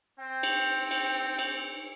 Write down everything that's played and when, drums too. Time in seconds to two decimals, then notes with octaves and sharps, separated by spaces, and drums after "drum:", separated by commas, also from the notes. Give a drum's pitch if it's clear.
0.19 C4 G5
0.43 drum: cymbal
0.91 drum: cymbal
1.39 drum: cymbal